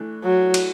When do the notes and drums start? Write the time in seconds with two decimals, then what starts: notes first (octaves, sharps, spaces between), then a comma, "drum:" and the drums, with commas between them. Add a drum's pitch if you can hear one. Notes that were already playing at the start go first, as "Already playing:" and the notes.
Already playing: E3 A3 D4
0.23 F#3
0.54 drum: cymbal